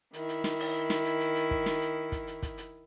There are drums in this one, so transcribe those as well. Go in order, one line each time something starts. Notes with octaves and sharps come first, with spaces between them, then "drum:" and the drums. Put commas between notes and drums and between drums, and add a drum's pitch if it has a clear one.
D#3 E4, drum: hi-hat
drum: hi-hat
drum: snare
drum: open hi-hat
drum: snare
drum: hi-hat
drum: hi-hat
drum: hi-hat
drum: kick
drum: snare
drum: hi-hat
drum: kick, hi-hat
drum: hi-hat
drum: kick, hi-hat
drum: hi-hat